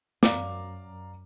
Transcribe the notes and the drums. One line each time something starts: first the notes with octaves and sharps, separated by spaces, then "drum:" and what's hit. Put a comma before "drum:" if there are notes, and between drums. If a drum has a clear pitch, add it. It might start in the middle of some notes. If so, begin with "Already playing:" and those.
F#2 D5 F5 A#5 D6, drum: snare